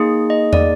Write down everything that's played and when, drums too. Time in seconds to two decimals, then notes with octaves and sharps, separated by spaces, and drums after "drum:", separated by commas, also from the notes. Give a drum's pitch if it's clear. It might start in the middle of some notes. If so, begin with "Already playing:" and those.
Already playing: A#3 D#4 G#4
0.30 D#5
0.53 D5, drum: tom